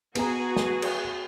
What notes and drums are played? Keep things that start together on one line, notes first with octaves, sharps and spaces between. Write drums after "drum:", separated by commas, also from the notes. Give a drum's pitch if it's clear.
B3 F#4 G#4 B4 A#5, drum: cymbal
drum: snare
drum: cymbal